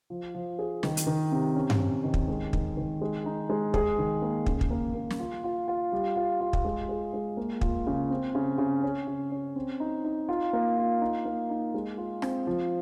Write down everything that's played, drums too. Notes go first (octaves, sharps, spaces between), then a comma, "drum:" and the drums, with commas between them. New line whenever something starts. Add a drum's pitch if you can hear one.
F3
F3
G#4
D#3, drum: snare
drum: hi-hat
D#3
C3
C#4
drum: tom G2
C#4
D#3
drum: kick
G#3
D#3, drum: kick
D#3
G#3
D#4
G#3
G#4, drum: kick
D#3
A#3
C#3, drum: kick
drum: kick
A#3
A#3
drum: snare
F4
F4
F4
G3
F4
F4
drum: kick
G#3
G#4
G#3
A#3
F4, drum: kick
C#3
C4
C#3
C#3
C#4
C#3
C#4
C4
D#4
D#4
F4
A#3
F4
D#4
A#3
D#4
G#3
F4
C4, drum: rim click
F3